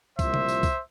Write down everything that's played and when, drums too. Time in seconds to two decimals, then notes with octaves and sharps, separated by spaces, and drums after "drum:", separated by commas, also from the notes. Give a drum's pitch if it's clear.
0.19 C2 A#2 F3 C5 E5, drum: kick C2, tambourine
0.34 drum: tom C#3
0.48 drum: tambourine
0.63 drum: kick C2, tambourine